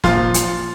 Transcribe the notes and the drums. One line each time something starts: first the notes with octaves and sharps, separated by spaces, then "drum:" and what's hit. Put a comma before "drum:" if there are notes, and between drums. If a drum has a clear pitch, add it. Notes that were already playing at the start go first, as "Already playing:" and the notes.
A#2 F3 F4, drum: snare
drum: hi-hat